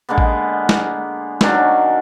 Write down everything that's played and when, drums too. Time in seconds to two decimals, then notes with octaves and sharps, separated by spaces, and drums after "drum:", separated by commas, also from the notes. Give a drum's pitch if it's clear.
0.09 D3 G#3 A#3 B3
0.18 drum: kick A1
0.69 drum: snare
1.41 D#3 F#3 C#4 D4, drum: snare